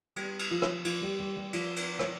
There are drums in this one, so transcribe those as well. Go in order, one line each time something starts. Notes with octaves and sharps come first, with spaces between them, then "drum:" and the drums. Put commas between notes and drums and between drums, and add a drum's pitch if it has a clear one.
G3 G4, drum: cymbal
drum: cymbal
F3 F4
drum: rim click
F3 F4, drum: cymbal
G3 G4
G3 G4
G3 G4
F3 F4, drum: cymbal
drum: cymbal
drum: rim click